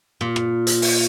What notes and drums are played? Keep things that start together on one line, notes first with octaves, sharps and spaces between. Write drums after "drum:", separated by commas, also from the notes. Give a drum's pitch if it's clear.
A#2
drum: rim click
drum: hi-hat
drum: open hi-hat